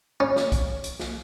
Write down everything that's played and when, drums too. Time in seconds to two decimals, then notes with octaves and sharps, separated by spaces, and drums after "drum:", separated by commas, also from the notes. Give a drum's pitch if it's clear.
0.20 C#4
0.36 drum: snare
0.52 drum: kick B1, hi-hat
0.84 drum: hi-hat
1.00 drum: snare